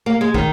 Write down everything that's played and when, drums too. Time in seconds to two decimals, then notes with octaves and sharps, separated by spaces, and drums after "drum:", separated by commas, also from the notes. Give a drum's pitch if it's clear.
0.06 A#3
0.21 G#3
0.34 D#3, drum: kick